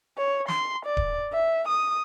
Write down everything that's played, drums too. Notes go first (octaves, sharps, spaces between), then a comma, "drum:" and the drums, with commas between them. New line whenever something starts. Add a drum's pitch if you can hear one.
C#5
C6, drum: snare
D5
drum: kick D1
E5
D#6